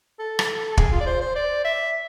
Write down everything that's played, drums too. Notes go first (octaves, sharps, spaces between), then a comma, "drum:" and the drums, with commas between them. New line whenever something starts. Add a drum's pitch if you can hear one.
A4
drum: rim click
G#4, drum: kick
F4
D5
C5
C5
D5
E5